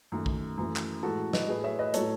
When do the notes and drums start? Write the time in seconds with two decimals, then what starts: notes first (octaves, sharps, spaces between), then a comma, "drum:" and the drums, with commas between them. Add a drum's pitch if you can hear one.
0.12 F#2 D#3 A3
0.26 drum: kick
0.58 F#2 E3 A3
0.76 drum: clap
1.03 A2 E3 G#3 F#4 A4
1.33 B4 D#5, drum: snare
1.48 A2 F#3 A3 G#4 B4
1.64 C#5 E5
1.79 B4 D#5
1.94 A2 F#3 A3 A4 C#5, drum: hi-hat